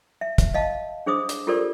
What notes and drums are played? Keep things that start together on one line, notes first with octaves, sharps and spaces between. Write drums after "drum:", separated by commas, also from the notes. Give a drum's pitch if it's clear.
E5
drum: kick, hi-hat
D#5 F5 A5
D4 G#4 C5 D6 D#6
drum: hi-hat
F4 G4 A4 A#4 C5 D5